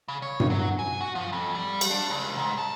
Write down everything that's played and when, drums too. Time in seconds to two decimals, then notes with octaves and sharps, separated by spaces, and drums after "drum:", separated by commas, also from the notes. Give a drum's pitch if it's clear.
0.08 C#3
0.22 C#5
0.40 drum: tom G2
0.50 F#3
0.79 G#5
1.01 F#4
1.15 F3
1.32 F2
1.55 G3
1.81 drum: cymbal
1.91 D4
2.10 C#2
2.38 G#2
2.58 A5